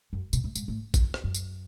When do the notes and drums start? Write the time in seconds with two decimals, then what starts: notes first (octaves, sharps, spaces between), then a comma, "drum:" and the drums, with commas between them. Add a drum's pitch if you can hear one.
0.13 F#2
0.33 B2, drum: tambourine
0.44 A2
0.55 G#2, drum: tambourine
0.68 A2
0.94 F#2, drum: kick A1, tambourine
1.14 drum: rim click
1.24 F#2
1.34 drum: tambourine